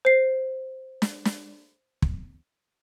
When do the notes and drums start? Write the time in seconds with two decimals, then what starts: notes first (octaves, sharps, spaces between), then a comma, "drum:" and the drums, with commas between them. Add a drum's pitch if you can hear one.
0.05 C5 C7
1.02 drum: snare
1.25 drum: snare
2.02 drum: kick